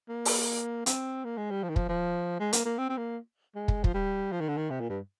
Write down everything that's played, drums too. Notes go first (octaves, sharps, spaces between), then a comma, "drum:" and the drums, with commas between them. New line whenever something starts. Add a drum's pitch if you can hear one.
A#3
drum: open hi-hat
C4, drum: hi-hat
A#3
G#3
G3
F3
D#3
F3, drum: kick
F3
G#3
A#3, drum: hi-hat
A#3
C4
C4
A#3
G#3
drum: kick
F3, drum: kick
G3
F3
D#3
D3
D#3
C3
A#2
G2